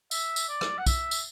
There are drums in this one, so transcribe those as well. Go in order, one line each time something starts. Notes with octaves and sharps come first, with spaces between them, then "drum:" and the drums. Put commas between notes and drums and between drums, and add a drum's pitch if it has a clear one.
E5, drum: tambourine
drum: tambourine
D5
drum: rim click
F#5
E5, drum: kick, tambourine
drum: tambourine